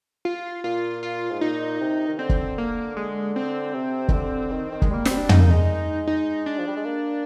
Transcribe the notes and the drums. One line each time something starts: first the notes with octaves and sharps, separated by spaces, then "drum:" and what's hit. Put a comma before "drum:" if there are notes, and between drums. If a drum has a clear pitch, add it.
F4
A#2 F4
F4
G#2
A#2 D#4
C3
D#3
D3 C4
drum: kick
A#3
G#3
C4
C3
D#3, drum: kick
D3
D#3
D#3
G#3, drum: kick
G3 A#3
C4, drum: snare
G3
D4
G#3 D#4, drum: tom
A#3
G#3
D#4
D4
F3
G3
G#3
A#3